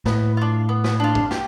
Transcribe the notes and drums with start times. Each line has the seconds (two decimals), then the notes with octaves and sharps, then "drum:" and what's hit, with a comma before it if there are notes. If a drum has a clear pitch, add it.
0.06 A2 B3, drum: snare
0.37 D4 F4
0.69 B3
0.84 drum: snare
1.00 D4 F4
1.15 drum: kick
1.31 G4, drum: snare